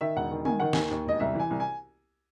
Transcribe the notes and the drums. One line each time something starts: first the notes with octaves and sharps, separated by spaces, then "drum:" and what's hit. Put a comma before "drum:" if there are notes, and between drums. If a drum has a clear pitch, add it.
D#3 E5
E1 F#5
D#3
D#3 G#5, drum: tom
D#3 F#5
D#2 G#5, drum: snare
D#2
E1 D#5
C2 E5
E3 G#5
C2
G#5